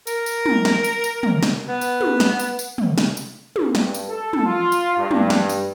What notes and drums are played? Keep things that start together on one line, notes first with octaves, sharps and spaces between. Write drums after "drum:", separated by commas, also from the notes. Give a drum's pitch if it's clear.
A#4, drum: tambourine
drum: tambourine
drum: tom
drum: snare
drum: tambourine
drum: tambourine
drum: tom
drum: snare
B3
drum: tambourine
drum: tom
drum: snare
drum: tambourine
drum: tambourine
drum: tom
drum: snare
drum: tambourine
drum: tom
G2, drum: snare
drum: tambourine
A4
drum: tom
F4
drum: tambourine
G2
drum: tom
drum: snare
drum: tambourine